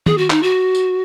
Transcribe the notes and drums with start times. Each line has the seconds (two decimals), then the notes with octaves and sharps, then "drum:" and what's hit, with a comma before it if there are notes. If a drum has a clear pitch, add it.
0.06 G#4, drum: tom D#3
0.18 F#4
0.30 D#4, drum: clap
0.43 F#4
0.75 drum: tambourine